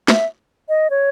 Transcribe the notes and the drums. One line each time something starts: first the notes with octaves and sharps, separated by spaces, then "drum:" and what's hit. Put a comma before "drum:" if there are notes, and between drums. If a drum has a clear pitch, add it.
E5, drum: snare
D#5
C#5